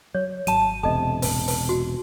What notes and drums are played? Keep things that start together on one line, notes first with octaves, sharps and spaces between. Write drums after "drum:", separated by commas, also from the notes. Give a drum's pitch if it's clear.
F#3 C#5
G#1 F#3 A5 D#7, drum: hi-hat
E1 C3 A4 D#5 A5
A1, drum: open hi-hat
drum: open hi-hat
F#4